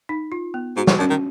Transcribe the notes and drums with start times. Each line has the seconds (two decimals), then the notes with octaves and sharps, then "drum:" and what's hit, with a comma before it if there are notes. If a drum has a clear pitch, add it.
0.09 D#4
0.32 F4
0.54 B3
0.76 G#2 F#4
0.87 G#2, drum: snare
0.99 F#2 C#4
1.10 D#3